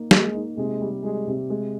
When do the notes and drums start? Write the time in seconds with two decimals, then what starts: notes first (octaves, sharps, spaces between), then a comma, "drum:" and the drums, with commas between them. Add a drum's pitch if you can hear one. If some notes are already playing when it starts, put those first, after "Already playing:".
Already playing: A#3 D#4
0.11 G#3 A#3, drum: snare
0.34 D#4
0.57 C3 G#3
0.81 G3
1.03 G3 G#3
1.27 C3
1.50 G#3